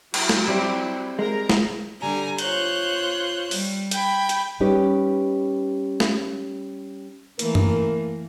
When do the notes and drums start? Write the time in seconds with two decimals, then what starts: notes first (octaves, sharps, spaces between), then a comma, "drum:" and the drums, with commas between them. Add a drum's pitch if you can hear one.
0.14 F#3 E4, drum: cymbal
0.29 drum: snare
0.47 G3 C4 G4
1.19 G#3 A#4 A#5
1.49 drum: snare
2.01 D3 G3 G#5 A#5
2.38 F4 C5 C#5 F#6 G6, drum: hi-hat
3.51 G3, drum: open hi-hat
3.91 G5 B5 G#6, drum: hi-hat
4.29 drum: hi-hat
4.60 G3 C#4 D#4 G4 B4 C#5
6.00 drum: snare
7.39 E3 A3 A#3 A#4, drum: hi-hat
7.55 drum: tom F#2